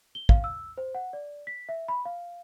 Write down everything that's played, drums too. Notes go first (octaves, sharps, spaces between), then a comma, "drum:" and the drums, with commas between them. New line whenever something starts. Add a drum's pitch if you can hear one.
G7
F5, drum: kick
E6
C5
F#5
D5
B6
E5
B5
F5